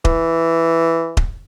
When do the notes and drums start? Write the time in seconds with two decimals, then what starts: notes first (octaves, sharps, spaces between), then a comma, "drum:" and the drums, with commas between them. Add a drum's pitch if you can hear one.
0.05 E3, drum: kick D#1
1.17 drum: kick D#1